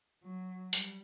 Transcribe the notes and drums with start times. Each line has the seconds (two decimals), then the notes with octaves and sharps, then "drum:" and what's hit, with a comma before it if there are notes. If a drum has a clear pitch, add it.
0.23 F#3
0.73 G3, drum: hi-hat